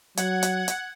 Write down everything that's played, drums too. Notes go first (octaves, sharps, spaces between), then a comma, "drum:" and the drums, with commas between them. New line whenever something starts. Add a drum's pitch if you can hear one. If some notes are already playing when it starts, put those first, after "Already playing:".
F#3 F#5 G#6, drum: hi-hat
drum: hi-hat
drum: hi-hat